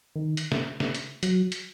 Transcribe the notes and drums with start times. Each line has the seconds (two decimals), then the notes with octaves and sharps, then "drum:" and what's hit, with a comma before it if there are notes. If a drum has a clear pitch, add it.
0.16 D#3
0.37 drum: hi-hat
0.52 drum: snare
0.80 drum: snare
0.95 drum: hi-hat
1.23 F#3, drum: hi-hat
1.52 drum: hi-hat